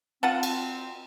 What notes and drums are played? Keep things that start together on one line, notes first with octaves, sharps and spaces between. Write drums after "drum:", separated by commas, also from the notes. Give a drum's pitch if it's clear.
C4 F4 F#5 A5
drum: cymbal